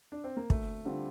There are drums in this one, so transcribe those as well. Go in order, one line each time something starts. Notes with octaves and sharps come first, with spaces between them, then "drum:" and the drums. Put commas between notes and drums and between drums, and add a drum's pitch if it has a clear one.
D4
C4
A#3
D2 A3, drum: kick
D3 G3 C4 F4